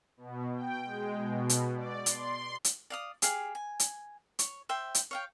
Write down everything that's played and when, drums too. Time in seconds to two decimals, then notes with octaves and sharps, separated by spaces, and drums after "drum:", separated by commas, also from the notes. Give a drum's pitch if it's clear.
0.17 B2
0.55 G5
0.85 G#3
1.18 B2
1.49 drum: hi-hat
1.76 D5
2.06 C6, drum: hi-hat
2.65 drum: hi-hat
2.90 D5 F5 D#6
3.22 G4 G#4 F5, drum: hi-hat
3.55 G#5
3.80 drum: hi-hat
4.39 C#5, drum: hi-hat
4.69 C5 E5 G5
4.95 drum: hi-hat
5.11 C#5 F5 G5